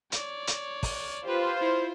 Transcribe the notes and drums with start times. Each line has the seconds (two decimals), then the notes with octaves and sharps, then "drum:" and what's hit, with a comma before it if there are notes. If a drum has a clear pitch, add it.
0.12 C#5 D5, drum: hi-hat
0.47 drum: hi-hat
0.83 drum: kick, open hi-hat
1.25 F4 G4 B4 C5
1.61 E4